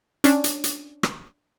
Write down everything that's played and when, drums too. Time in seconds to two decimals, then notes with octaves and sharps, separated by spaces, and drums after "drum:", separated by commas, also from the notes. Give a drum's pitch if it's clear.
0.24 C#4 D4, drum: hi-hat
0.44 drum: hi-hat
0.64 drum: hi-hat
1.03 drum: rim click